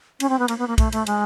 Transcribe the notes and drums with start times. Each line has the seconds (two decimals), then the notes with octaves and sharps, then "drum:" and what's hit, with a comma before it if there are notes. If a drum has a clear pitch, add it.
0.20 C#4, drum: cymbal
0.29 C4
0.39 B3
0.48 A#3, drum: cymbal
0.58 B3
0.68 A#3
0.78 A3, drum: kick, cymbal
0.92 A3, drum: cymbal
1.07 G#3, drum: cymbal